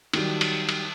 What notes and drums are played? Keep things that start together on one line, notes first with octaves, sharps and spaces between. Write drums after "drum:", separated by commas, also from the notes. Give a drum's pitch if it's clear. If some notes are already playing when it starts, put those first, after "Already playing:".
D#3 F#3 G3, drum: cymbal
drum: cymbal
drum: cymbal